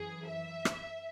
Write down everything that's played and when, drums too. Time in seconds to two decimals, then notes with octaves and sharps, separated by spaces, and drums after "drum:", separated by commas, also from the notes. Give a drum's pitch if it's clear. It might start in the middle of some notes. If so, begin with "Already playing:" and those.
Already playing: F#2 E3 G#4
0.27 E5
0.65 drum: rim click